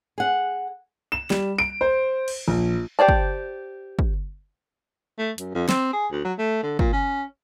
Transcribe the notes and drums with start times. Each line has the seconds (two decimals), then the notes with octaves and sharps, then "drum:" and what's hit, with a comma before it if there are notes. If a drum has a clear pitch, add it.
0.18 G#4 F#5
1.12 E7
1.30 G3, drum: snare
1.58 D7
1.81 C5
2.28 drum: cymbal
2.48 A#1
2.99 G4 C5 D5 A5
3.09 drum: kick
3.99 drum: kick
5.19 A3
5.38 F#2, drum: hi-hat
5.55 F2
5.69 C4, drum: snare
5.93 G#4
6.12 D2
6.24 F#3
6.38 A3
6.63 D3
6.79 A#2, drum: kick
6.93 C#4